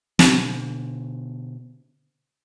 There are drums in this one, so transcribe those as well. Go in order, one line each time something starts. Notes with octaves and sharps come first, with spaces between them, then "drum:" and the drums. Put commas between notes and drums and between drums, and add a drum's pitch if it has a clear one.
B2 D3, drum: snare